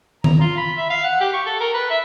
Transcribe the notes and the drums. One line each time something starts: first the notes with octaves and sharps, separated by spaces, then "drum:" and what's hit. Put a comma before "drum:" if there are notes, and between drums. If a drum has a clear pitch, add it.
A#5, drum: tom D#3
F4
B5
E5
F5
F#5
G4
C#6
A4
A#4
B4
E5